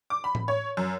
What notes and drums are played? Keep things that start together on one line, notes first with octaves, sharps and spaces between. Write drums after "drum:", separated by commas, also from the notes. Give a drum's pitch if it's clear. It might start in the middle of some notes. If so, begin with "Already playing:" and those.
D6
B5
drum: tom A2
C#5
F#2